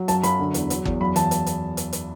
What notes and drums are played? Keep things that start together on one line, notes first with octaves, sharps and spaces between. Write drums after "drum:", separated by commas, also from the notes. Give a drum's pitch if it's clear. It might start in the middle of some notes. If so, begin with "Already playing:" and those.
Already playing: F#3
F#2 A5, drum: hi-hat
F#2 B5, drum: hi-hat
D3
E2, drum: hi-hat
F#3, drum: hi-hat
E2, drum: kick G1
F#2 B5
E3 A5, drum: hi-hat
drum: hi-hat
drum: hi-hat
drum: hi-hat
drum: hi-hat